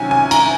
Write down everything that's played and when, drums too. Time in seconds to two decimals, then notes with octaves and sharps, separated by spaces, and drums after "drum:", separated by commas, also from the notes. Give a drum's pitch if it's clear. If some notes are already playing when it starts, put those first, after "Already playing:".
Already playing: C3 D#3 F#3 C#4 G#5
0.11 G#5
0.31 A#5, drum: cymbal